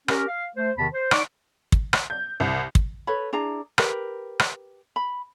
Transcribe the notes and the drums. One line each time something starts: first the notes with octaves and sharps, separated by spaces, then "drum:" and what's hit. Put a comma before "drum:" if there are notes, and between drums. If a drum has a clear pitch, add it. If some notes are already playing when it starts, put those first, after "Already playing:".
C#4 G4 A#4, drum: rim click
F5
A3 C5
E2 C3 D#3 A5 B5
C5
D#4 D5 C#6 D6, drum: rim click
drum: kick
drum: rim click
G6
C2
drum: kick
A4 B4 C#5 B5
D4 E4 G#4 A#5
G4 A#4 B4, drum: rim click
drum: rim click
B5